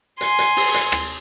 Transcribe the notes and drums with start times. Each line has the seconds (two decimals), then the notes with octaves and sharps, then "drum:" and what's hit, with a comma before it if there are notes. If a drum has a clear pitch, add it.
0.21 G#5 C6, drum: hi-hat
0.39 drum: hi-hat
0.56 drum: open hi-hat
0.74 drum: hi-hat
0.92 drum: rim click